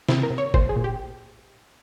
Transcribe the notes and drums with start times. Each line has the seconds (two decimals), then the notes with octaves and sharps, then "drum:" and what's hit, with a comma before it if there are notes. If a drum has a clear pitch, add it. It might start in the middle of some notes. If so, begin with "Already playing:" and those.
0.09 C3 E4, drum: snare
0.23 A#4
0.30 C3
0.38 C#5
0.54 A#2 C5, drum: kick
0.69 G#4
0.76 A#2
0.84 G4